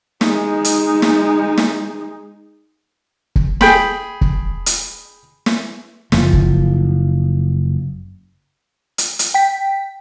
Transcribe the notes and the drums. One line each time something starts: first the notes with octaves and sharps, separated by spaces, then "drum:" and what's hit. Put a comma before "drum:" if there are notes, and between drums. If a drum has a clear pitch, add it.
G#3 D#4, drum: snare
drum: hi-hat
drum: snare
drum: snare
drum: kick
G#4 G5 B5, drum: snare
drum: kick
drum: hi-hat
drum: snare
F#1 F3, drum: snare
drum: kick
drum: hi-hat
drum: hi-hat
G5 B6